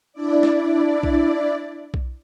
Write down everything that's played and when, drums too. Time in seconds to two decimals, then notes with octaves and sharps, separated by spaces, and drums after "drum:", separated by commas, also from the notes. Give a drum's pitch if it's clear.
0.13 D4 E4 D5
0.43 drum: snare
1.03 drum: kick B1
1.94 drum: kick B1